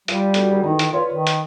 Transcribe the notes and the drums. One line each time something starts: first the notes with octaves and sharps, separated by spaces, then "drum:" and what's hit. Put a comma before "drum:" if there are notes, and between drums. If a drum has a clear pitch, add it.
G3 F4 D#7, drum: hi-hat
A3 D4 F#4, drum: hi-hat
F#4 G#4 A#4
D#3 E3 A3 D#4
drum: hi-hat
F4 B4 C#5 D5
D#3 B4
drum: hi-hat